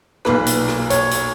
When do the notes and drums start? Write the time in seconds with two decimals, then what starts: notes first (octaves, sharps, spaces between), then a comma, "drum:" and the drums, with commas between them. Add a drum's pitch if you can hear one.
0.25 B1 A#2 A#3 B4, drum: rim click
0.47 drum: hi-hat
0.68 drum: rim click
0.90 C#5, drum: hi-hat
1.11 drum: hi-hat